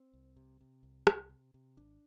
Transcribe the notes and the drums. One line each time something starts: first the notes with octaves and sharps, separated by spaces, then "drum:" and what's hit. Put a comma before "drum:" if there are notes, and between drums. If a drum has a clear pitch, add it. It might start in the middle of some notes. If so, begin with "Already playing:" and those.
Already playing: C4
C2
C3
C3
C2
C2, drum: rim click
C3
C3
G#1 D4